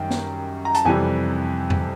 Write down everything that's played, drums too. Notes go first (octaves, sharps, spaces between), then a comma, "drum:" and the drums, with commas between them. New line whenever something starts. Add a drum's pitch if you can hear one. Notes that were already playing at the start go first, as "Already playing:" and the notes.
Already playing: F#2 D#3 G3 G5
drum: snare
A#5
A5, drum: hi-hat
F2 C3 E3 G3 G#5
drum: tom E2